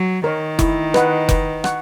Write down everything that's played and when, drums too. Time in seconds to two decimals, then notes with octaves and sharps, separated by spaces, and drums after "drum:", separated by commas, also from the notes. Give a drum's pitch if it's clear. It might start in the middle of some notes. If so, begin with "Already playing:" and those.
Already playing: F#3
0.24 D#3 A#4 C#5
0.59 E4, drum: kick F1, hi-hat
0.94 B4 D#5 F#5, drum: rim click
1.29 B4, drum: kick F1, hi-hat
1.64 F#5 C#6, drum: rim click